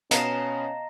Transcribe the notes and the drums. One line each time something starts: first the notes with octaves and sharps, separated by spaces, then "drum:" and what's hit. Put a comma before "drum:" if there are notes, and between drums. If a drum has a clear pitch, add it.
B2 B3 C#4 D#5 F5 A5 A#5 A#6, drum: hi-hat